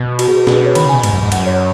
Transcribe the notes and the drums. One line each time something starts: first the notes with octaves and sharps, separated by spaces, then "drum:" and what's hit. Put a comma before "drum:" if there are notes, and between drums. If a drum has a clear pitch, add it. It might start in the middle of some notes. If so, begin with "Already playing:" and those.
Already playing: B2
F#4, drum: cymbal
G#4
B4
B2 G#4, drum: snare
B4
C#5
D#3 B5, drum: cymbal
C#3 G#5
B2
G#2, drum: cymbal
F#2
G#2
F#2 F#5, drum: cymbal
C#5